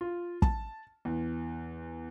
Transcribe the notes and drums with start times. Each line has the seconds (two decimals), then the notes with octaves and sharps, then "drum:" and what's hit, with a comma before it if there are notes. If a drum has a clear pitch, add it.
0.01 F4
0.42 A5, drum: kick
1.05 E2